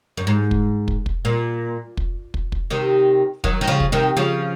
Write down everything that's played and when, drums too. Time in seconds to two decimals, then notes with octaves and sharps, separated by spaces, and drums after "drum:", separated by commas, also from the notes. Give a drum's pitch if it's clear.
0.17 F#2
0.27 G#2
0.51 drum: kick
0.88 drum: kick
1.06 drum: kick
1.25 A#2
1.97 drum: kick
2.34 drum: kick
2.52 drum: kick
2.70 C3 D#3
3.44 D#3 F#3, drum: kick
3.61 D#3
3.67 C#3 F3
3.80 drum: kick
3.92 C3 D#3
4.17 C#3 F3